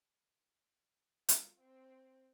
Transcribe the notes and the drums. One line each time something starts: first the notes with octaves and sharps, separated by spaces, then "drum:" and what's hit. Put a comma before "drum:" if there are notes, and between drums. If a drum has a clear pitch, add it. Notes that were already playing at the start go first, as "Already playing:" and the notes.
F4, drum: hi-hat
C4